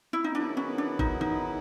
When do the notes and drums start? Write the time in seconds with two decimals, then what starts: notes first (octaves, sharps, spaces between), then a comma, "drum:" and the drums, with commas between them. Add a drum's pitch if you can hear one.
0.13 E4
0.24 D#4
0.35 D#3 F#3 B3 D4 E4 G#4
0.57 C#4
0.78 D4
0.99 D#4, drum: kick G#1
1.21 D#4, drum: tom